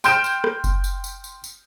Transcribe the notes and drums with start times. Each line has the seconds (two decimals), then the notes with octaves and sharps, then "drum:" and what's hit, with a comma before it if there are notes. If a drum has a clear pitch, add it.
0.04 G5 C6 F6 G6 D7 E7, drum: tambourine
0.24 drum: tambourine
0.44 drum: rim click
0.64 drum: kick F#1, tambourine
0.84 drum: tambourine
1.04 drum: tambourine
1.24 drum: tambourine
1.44 drum: tambourine